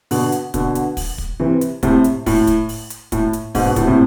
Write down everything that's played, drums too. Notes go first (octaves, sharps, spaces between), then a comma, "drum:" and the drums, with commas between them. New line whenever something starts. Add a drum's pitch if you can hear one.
B2 D3, drum: open hi-hat
drum: hi-hat
B2 D3, drum: kick, hi-hat
drum: hi-hat
drum: kick, open hi-hat
drum: kick
C3 E3
drum: hi-hat
A2 C3, drum: kick, hi-hat
drum: hi-hat
A2, drum: kick, open hi-hat
drum: kick, hi-hat
drum: open hi-hat
drum: hi-hat
A2, drum: kick, hi-hat
drum: hi-hat
G#2 B2, drum: kick, open hi-hat
B2 D3
A2 C3, drum: kick, hi-hat
A2 C3